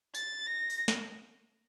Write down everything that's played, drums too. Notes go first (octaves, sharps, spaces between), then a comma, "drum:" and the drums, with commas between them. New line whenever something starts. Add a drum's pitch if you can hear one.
A6, drum: tambourine
A#6
drum: open hi-hat
drum: snare